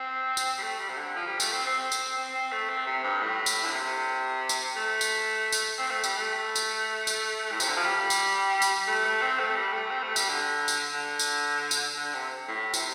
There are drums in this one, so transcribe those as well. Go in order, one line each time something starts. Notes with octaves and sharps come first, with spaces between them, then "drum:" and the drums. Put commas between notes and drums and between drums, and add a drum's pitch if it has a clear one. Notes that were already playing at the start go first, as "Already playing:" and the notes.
Already playing: C4
drum: tambourine
G3
A3
G3
C3
D3
F3
G3
A3, drum: tambourine
C4
C4
drum: tambourine
C4
C4
A3
C4
C3
G2
A2
drum: tambourine
D3
C3
drum: tambourine
A3
drum: tambourine
drum: tambourine
C4
A3
G3, drum: tambourine
A3
drum: tambourine
drum: tambourine
A2
C3, drum: tambourine
D3
F3
G3
drum: tambourine
drum: tambourine
A3
A3
C4
A3
G3
A3
C4
A3
G3, drum: tambourine
D3
drum: tambourine
D3
drum: tambourine
drum: tambourine
D3
C3
A2
C3, drum: tambourine